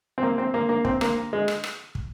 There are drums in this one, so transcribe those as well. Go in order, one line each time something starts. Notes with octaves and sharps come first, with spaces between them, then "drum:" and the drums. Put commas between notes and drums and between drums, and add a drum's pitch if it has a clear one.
C4
A#3
C4
A#3
A#3
C4, drum: kick
A#3, drum: rim click
G#3
drum: rim click
drum: rim click
drum: kick